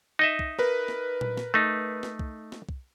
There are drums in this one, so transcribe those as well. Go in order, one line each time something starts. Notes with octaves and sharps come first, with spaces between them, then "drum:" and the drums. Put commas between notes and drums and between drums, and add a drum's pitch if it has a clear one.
D#4 D#5 E5
drum: kick
A#4 B4, drum: snare
drum: snare
drum: tom A#2
drum: snare
A3 D#4
drum: snare
drum: kick
drum: snare
drum: kick